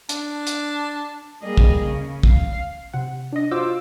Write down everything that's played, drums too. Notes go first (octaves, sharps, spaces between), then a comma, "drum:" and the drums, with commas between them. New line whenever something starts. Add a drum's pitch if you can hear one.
D4, drum: hi-hat
drum: hi-hat
G3 A#3 G#4 D#5
drum: kick
C#3
F5, drum: kick
C3 F#5
D4 D#5
F4 F#4 C5 F5 D6 E6